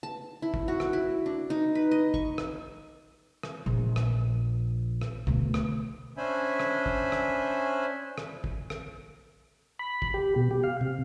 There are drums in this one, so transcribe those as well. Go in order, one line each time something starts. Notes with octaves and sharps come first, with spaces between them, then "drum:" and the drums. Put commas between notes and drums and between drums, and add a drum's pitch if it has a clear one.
A5
E4
drum: kick
F#4
drum: rim click
E4
D4
D#4
B4
D#5
C#6, drum: kick
drum: rim click
drum: rim click
A#1
drum: rim click
drum: rim click
D2 B2, drum: kick
drum: rim click
C#4 D4 C5 E5 G#5 B5
drum: rim click
drum: kick
drum: rim click
drum: rim click
drum: kick
drum: rim click
B5
drum: kick
G4
B2
G4
F5
C3